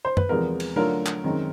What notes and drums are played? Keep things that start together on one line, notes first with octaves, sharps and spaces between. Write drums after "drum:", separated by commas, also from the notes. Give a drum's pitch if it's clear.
C5
B4, drum: tom F#2
E2 C3 F3 G#3 B3 A#4
drum: cymbal
D3 F#3 A3 D4 F4 A#4
drum: clap
F#2 D#3 G#3 C4